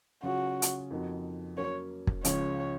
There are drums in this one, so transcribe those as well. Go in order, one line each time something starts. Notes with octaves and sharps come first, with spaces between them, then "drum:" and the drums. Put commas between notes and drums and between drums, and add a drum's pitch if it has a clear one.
C#3 F#3 C#4 F4 F#4 G#4
drum: hi-hat
F2 F3 A#3 D#4 F#4
F#3 A#3 C#4 C#5
drum: kick
C#2 C#3 F3 C#5, drum: hi-hat